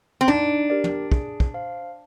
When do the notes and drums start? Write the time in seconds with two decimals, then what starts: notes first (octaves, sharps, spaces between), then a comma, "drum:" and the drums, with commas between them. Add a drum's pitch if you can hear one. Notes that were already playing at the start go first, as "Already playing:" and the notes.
0.21 C4
0.28 D4 D#4, drum: tom
0.70 G4 A#4 D5
0.84 drum: tom
1.12 G#4, drum: kick
1.40 drum: kick
1.54 C5 F5